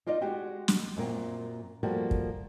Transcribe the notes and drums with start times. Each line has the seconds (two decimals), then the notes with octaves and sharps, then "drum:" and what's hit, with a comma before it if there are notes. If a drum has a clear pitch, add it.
0.06 D#4 F4 D5 D#5 F5
0.21 G#3 F#4 G4
0.68 drum: snare
0.97 F#2 A#2 A#3 C4
1.83 F3 G3 A3 A#3 F#4
2.11 drum: kick